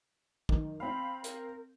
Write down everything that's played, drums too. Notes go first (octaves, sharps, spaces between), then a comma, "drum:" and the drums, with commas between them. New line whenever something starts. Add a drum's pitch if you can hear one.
D#3, drum: kick
C4 F5 B5
A#4, drum: hi-hat